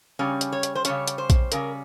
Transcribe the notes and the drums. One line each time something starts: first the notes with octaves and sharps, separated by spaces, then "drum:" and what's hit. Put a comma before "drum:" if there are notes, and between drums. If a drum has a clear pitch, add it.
C#3 G3 C#4
drum: hi-hat
C#5
drum: hi-hat
C5
C#3 G3 C#4 C#5, drum: hi-hat
drum: hi-hat
C5
drum: kick A#1, hi-hat
C#3 G3 C#4 A#4, drum: hi-hat